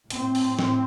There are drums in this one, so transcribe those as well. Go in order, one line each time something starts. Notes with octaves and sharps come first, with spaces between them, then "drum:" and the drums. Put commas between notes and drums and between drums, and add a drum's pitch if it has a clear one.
A2 C4, drum: hi-hat
drum: open hi-hat
drum: snare